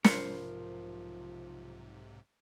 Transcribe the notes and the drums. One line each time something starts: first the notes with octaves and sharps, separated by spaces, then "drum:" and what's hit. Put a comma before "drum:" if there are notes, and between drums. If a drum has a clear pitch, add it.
B1 G#2 C3 F3 A#4 C5 C#7, drum: snare